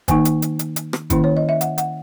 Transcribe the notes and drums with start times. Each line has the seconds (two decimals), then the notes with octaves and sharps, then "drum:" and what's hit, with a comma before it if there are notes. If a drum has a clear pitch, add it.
0.08 D#3 A#3 D#4 G#5, drum: kick G#1, hi-hat
0.25 drum: hi-hat
0.42 drum: hi-hat
0.59 drum: hi-hat
0.76 drum: hi-hat
0.93 drum: rim click
1.10 D#3 A#3 C#4 E4, drum: kick G#1, hi-hat
1.24 C#5
1.37 D#5
1.49 E5
1.61 F#5, drum: hi-hat
1.78 F#5, drum: hi-hat